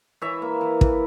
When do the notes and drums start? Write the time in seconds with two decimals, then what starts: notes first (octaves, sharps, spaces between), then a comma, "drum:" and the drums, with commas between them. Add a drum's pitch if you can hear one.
0.21 E3 C#5 E5
0.42 A#3
0.61 E3
0.81 E3, drum: kick